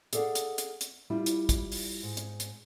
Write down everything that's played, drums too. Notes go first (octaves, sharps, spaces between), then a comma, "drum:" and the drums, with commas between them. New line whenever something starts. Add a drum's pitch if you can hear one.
G#4 A4 D5 D#5 F5 F#5, drum: hi-hat
drum: hi-hat
drum: hi-hat
drum: hi-hat
G3 E4 F4
drum: hi-hat
drum: kick, hi-hat
drum: open hi-hat
G#2
drum: hi-hat
drum: hi-hat